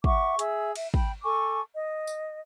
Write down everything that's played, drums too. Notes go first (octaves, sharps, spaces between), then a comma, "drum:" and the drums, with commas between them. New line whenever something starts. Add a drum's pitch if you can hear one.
E5 F#5 C#6 D6, drum: kick
G#4 E5 E6, drum: hi-hat
E5, drum: cymbal
G5 B5, drum: kick
A4 G#5 C#6 D6
D#5
drum: tambourine